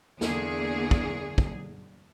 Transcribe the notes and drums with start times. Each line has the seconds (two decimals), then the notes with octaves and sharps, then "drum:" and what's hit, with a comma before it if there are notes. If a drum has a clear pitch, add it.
0.21 E2 D3 A#3 G#4, drum: snare
0.91 drum: kick
1.38 drum: kick